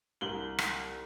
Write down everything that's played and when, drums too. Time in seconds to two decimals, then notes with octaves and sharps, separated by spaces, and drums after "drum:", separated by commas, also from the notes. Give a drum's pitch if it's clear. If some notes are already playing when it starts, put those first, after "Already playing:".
0.21 C2 F#7 G7
0.59 drum: rim click